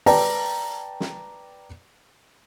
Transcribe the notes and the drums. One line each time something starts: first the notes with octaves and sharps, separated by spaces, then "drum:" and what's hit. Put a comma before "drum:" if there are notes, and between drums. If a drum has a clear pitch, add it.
B4 D5 G5 A5 A#5, drum: open hi-hat
drum: snare